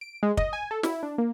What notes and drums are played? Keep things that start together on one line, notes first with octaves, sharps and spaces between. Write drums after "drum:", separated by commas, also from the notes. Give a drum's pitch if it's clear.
D7
G#3
D#5, drum: kick
G#5
A4
E4, drum: snare
D4
A#3